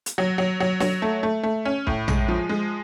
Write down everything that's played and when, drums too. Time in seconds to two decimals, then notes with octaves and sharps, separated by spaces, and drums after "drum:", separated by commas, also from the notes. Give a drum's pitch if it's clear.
0.06 drum: hi-hat
0.18 F#3
0.38 F#3
0.60 F#3
0.80 F#3, drum: snare
1.02 A3
1.23 A3
1.43 A3
1.65 C#4
1.87 A2, drum: kick
2.08 G#3, drum: tom A#1
2.28 F3
2.49 G#3